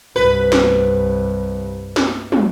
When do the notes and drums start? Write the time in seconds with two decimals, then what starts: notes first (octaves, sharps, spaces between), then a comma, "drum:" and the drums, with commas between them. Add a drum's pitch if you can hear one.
0.16 C2 G2 B4
0.52 drum: snare
1.96 drum: snare
2.32 drum: tom